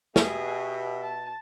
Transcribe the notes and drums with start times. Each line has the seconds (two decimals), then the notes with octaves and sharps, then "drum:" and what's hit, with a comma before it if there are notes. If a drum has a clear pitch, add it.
0.16 B2 G4 G#4 E5, drum: snare
1.02 A5